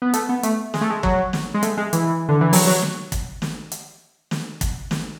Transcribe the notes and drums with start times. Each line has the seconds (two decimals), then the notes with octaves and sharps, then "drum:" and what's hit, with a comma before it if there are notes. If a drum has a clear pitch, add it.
0.02 B3
0.13 A3, drum: hi-hat
0.29 B3
0.43 A3, drum: hi-hat
0.74 G#3, drum: snare
0.81 A3
0.90 G#3
1.03 F#3, drum: kick
1.33 drum: snare
1.54 G#3
1.63 A3, drum: hi-hat
1.77 G#3
1.93 E3, drum: hi-hat
2.29 D3
2.41 E3
2.53 F#3, drum: open hi-hat
2.67 F#3
2.82 drum: snare
3.12 drum: kick, hi-hat
3.42 drum: snare
3.72 drum: hi-hat
4.31 drum: snare
4.61 drum: kick, hi-hat
4.91 drum: snare